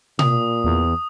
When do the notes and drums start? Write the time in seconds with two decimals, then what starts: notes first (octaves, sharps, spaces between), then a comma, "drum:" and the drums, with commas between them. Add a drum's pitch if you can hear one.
0.19 A#2 D#6, drum: tom B2
0.64 E2